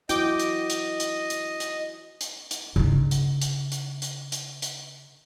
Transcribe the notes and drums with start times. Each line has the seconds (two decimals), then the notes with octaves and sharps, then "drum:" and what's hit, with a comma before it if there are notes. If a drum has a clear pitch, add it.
0.09 E4 F#4 C5 D#5 G5 D6, drum: hi-hat
0.39 drum: hi-hat
0.70 drum: hi-hat
1.00 drum: hi-hat
1.30 drum: hi-hat
1.60 drum: hi-hat
2.21 drum: hi-hat
2.51 drum: hi-hat
2.76 C#3 D#4
3.11 drum: hi-hat
3.42 drum: hi-hat
3.72 drum: hi-hat
4.02 drum: hi-hat
4.32 drum: hi-hat
4.62 drum: hi-hat